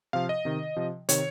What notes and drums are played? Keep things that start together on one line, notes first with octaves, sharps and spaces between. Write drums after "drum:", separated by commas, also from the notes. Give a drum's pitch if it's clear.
C3 F3 F5
D#5
C3 D#3
C3 F3
C3 D#3 C#5, drum: hi-hat